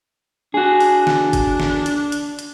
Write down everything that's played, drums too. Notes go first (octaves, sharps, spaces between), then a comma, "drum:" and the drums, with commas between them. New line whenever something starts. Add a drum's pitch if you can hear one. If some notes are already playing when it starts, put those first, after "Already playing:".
D4 F#4 G#4
drum: open hi-hat
drum: snare
drum: kick G1, hi-hat
drum: snare
drum: hi-hat
drum: hi-hat
drum: hi-hat